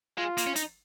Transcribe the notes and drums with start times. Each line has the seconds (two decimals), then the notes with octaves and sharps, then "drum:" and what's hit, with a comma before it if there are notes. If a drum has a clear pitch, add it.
0.18 G#3 F4
0.37 A#3, drum: hi-hat
0.47 C#4
0.56 D#4, drum: hi-hat